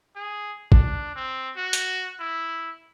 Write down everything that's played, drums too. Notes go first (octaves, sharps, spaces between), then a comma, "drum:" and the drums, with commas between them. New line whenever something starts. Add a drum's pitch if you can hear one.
G#4
D4, drum: kick
C4
F#4
drum: hi-hat
E4